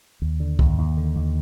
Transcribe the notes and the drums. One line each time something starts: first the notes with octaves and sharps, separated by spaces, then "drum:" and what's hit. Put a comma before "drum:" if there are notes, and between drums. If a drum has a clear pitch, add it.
D#2
D3
D#2, drum: kick C2
D#2
D3
D#2